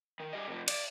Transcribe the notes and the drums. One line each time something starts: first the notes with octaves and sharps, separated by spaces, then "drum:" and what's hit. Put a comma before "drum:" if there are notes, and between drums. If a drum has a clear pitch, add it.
D#3
G3 D#5
C3 F3
D5, drum: cymbal